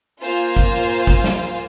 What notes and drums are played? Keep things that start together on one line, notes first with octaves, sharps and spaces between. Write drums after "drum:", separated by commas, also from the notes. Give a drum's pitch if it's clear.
A#3 F4 C5 F5 G#5
drum: kick
drum: kick
drum: snare